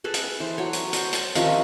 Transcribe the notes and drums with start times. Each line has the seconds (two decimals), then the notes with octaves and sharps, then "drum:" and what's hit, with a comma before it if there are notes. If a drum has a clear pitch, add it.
0.04 G#4 A4 B4
0.14 drum: hi-hat
0.40 E3 C5
0.58 F#3 C#5
0.73 drum: hi-hat
0.93 C5, drum: hi-hat
1.13 drum: hi-hat
1.35 C3 D#3 F3 C#4, drum: hi-hat